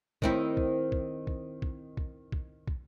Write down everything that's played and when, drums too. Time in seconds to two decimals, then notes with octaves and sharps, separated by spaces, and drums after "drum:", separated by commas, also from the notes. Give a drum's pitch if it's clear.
0.22 D#3 C4 E4, drum: kick
0.57 drum: kick
0.92 drum: kick
1.27 drum: kick
1.62 drum: kick
1.97 drum: kick
2.32 drum: kick
2.67 drum: kick